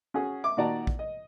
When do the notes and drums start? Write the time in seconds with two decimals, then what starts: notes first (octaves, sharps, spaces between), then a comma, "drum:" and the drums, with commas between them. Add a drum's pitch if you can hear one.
0.14 C#4 F#4 G#4
0.44 E5 D6
0.57 A#2 D#3 F#4 D5 A5 A#5
0.87 drum: kick
0.99 D#5